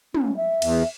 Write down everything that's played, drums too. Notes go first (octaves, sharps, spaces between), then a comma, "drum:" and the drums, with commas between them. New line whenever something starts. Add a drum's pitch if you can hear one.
C#4, drum: tom
E5
E2, drum: cymbal